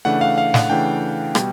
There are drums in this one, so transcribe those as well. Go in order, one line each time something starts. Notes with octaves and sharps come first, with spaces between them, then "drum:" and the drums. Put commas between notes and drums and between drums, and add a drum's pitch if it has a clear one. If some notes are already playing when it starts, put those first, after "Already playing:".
C#3 E3 A3 D4 F#5
F5
F5
F#5, drum: snare
C#3 E3 A3 D4 G5
B2 G3, drum: rim click